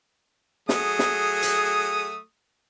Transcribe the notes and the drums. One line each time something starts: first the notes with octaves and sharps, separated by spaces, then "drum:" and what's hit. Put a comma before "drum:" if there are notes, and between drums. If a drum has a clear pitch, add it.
F#3 A3 G#4 D#6, drum: snare
drum: snare
drum: hi-hat